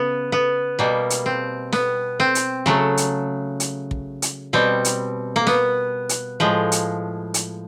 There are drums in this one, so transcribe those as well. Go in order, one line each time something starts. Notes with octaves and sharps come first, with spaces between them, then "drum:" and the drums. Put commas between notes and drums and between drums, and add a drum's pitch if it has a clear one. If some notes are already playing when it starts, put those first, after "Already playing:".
Already playing: C#3 B3
B3
B2 G3 A#3
drum: hi-hat
C4
B3, drum: snare
C4
drum: hi-hat
C#3 F#3 A3
drum: hi-hat
drum: hi-hat
drum: kick
drum: hi-hat
B2 G3 C4
drum: hi-hat
A#3
B3, drum: snare
drum: hi-hat
A2 F3 G#3
drum: hi-hat
drum: hi-hat